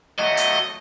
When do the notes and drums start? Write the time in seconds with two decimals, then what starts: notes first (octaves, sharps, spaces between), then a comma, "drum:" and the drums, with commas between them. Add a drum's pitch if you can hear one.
0.19 F#3 A3 D#5
0.37 drum: hi-hat